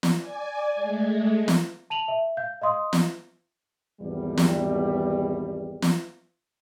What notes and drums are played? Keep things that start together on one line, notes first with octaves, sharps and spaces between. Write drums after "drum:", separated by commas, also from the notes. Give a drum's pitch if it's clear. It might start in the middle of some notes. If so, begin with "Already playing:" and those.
drum: snare
D5 G#5
G#3 A3
drum: snare
A5 D#7 F7 F#7
E5
F5 G6
D#5 F5 C6 D#6
drum: snare
G#1 E2 B2 G3
drum: snare
drum: snare